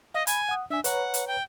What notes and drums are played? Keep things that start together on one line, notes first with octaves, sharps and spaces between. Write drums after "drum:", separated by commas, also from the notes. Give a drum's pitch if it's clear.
D#5 F5
G#5 B5, drum: hi-hat
F#5 D#6
D4 E5 G#5
B4 C#5 F#5 A#5, drum: hi-hat
drum: hi-hat
G5